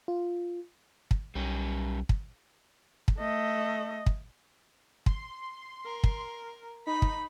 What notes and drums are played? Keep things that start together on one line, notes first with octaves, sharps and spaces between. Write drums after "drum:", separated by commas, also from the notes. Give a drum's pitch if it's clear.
F4
drum: kick
B1 G3 C#4
drum: kick
drum: kick
A3 D#5
drum: kick
C6, drum: kick
A#4
drum: kick
D#4 B5
drum: kick